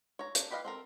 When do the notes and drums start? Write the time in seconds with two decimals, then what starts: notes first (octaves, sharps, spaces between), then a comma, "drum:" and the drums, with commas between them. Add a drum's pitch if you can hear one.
0.19 C#5 A#5
0.35 D4, drum: hi-hat
0.50 E4 G4 B4 D#5 F5
0.65 C4 A4 A#4